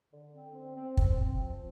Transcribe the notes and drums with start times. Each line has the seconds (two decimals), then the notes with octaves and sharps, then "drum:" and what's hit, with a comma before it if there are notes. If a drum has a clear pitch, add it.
0.11 D3
0.33 C4
0.55 C4
0.76 C4
0.97 C4, drum: kick
1.19 C4
1.40 F3